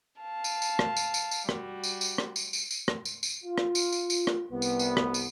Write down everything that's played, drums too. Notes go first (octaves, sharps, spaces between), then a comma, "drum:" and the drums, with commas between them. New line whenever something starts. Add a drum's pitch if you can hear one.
F5 A5
drum: tambourine
drum: tambourine
drum: rim click
drum: tambourine
drum: tambourine
drum: tambourine
G3 F#4, drum: rim click
drum: tambourine
drum: tambourine
drum: rim click
drum: tambourine
drum: tambourine
drum: tambourine
drum: rim click
drum: tambourine
drum: tambourine
F4
drum: rim click
drum: tambourine
drum: tambourine
drum: tambourine
drum: rim click
C2 B3
drum: tambourine
drum: tambourine
drum: rim click
drum: tambourine